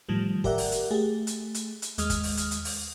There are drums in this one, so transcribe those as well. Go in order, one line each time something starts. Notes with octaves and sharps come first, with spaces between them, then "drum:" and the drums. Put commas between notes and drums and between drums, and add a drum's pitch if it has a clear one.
A2 D#3 F3 G3
G4 A#4 D5 E5 F#5, drum: kick
drum: open hi-hat
drum: hi-hat
A3 G4 G#4
drum: hi-hat
drum: hi-hat
drum: hi-hat
D#2 G#3 D#6 F6, drum: hi-hat
drum: kick, hi-hat
drum: open hi-hat
drum: hi-hat
drum: hi-hat
drum: open hi-hat